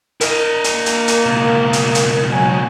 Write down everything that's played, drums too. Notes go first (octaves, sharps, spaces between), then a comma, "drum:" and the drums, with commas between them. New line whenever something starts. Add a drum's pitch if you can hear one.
E4 A#4 D#5, drum: hi-hat
drum: hi-hat
A#3
drum: hi-hat
drum: hi-hat
C#2 B2
drum: hi-hat
drum: hi-hat
F#3 G#5